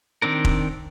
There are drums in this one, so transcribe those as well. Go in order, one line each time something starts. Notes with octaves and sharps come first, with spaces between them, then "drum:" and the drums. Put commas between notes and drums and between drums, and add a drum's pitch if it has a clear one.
D#3 C4 D4 A#4
drum: kick